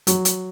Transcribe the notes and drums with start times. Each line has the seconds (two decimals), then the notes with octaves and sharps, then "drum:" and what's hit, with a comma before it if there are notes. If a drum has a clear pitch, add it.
0.07 F#3, drum: hi-hat
0.25 drum: hi-hat